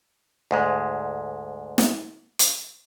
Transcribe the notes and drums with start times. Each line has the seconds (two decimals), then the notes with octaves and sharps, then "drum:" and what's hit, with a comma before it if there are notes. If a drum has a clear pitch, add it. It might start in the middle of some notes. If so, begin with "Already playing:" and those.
0.51 D2 G#2 G#3
1.78 drum: snare
2.39 drum: hi-hat